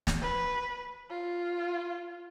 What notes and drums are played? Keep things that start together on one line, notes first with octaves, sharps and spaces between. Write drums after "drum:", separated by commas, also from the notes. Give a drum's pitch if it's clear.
drum: snare
B4
F4